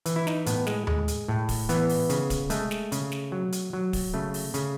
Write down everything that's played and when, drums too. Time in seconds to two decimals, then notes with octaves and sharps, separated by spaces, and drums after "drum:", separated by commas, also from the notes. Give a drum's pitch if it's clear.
0.06 E3, drum: hi-hat
0.16 E4
0.27 D#4, drum: snare
0.46 A2 B3, drum: hi-hat
0.67 G#3, drum: snare
0.87 G#3, drum: tom D#2
1.08 drum: hi-hat
1.28 A2
1.49 drum: kick, open hi-hat
1.69 E3 B3, drum: hi-hat
1.89 drum: open hi-hat
2.09 C#3, drum: hi-hat
2.30 drum: kick, hi-hat
2.50 G#3 A3, drum: hi-hat
2.71 drum: snare
2.92 C#3, drum: hi-hat
3.12 drum: snare
3.32 F#3
3.52 drum: hi-hat
3.73 F#3
3.93 drum: kick, open hi-hat
4.14 C#3 A3
4.34 drum: open hi-hat
4.54 C#3, drum: hi-hat